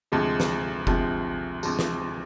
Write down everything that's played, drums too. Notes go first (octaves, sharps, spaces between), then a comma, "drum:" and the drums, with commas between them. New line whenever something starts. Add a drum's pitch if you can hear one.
D2 C3 F3 G#3
drum: snare
D2 C3 F3 G#3, drum: kick F#1
D2 C3 F3 G#3, drum: tambourine
drum: snare